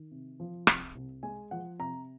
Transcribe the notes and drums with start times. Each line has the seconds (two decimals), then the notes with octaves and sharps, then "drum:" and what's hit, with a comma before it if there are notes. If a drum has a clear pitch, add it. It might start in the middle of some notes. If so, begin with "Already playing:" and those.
Already playing: D#3
0.11 C3
0.40 F3
0.67 C3, drum: rim click
0.95 C2
1.23 G#3 G#5
1.51 F3 F#5
1.79 C3 A#5